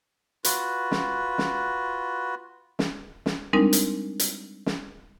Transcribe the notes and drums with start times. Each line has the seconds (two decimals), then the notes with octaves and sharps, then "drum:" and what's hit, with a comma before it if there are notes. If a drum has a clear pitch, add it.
0.44 F4 F#4 B4, drum: hi-hat
0.91 drum: snare
1.38 drum: snare
2.79 drum: snare
3.26 drum: snare
3.53 G3 G#3 C4 D4 D#4 A#4
3.73 drum: hi-hat
4.20 drum: hi-hat
4.66 drum: snare